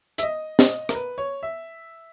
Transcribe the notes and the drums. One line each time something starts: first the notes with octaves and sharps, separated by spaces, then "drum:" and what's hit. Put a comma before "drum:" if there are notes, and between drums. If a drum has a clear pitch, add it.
E5, drum: hi-hat
D#5
D#5, drum: snare
A#4, drum: rim click
B4
C#5
E5